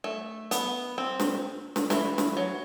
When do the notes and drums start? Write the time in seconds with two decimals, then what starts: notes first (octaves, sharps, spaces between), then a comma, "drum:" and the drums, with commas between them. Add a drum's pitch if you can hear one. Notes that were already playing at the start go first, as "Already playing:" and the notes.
0.04 A3
0.51 B3, drum: hi-hat
0.98 C4
1.20 drum: snare
1.76 drum: snare
1.90 E3, drum: snare
2.18 drum: snare
2.37 F#3